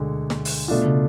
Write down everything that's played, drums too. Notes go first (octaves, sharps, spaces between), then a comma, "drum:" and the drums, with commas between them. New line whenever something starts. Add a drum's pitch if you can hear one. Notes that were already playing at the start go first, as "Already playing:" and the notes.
Already playing: D2 B2 D3 G#3
drum: snare
drum: open hi-hat
B2 A3 D4 F4
C#3